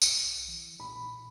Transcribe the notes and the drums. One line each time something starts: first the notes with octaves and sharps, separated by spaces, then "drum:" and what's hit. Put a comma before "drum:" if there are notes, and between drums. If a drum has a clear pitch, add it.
B1, drum: tambourine
E3
A#2 B5